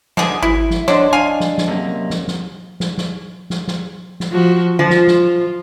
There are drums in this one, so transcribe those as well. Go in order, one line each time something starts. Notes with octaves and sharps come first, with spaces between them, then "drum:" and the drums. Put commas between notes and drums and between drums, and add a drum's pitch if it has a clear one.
B2 D3 G#4, drum: snare
G#1 E4
drum: snare
D3 D4 C5 C#5 D#5 C6, drum: snare
D4 D#5 F5 G#5
drum: snare
drum: snare
F#2 C3 A#3
drum: snare
drum: snare
drum: snare
drum: snare
drum: snare
drum: snare
drum: snare
F3 F#4
F3 F4
drum: snare
drum: snare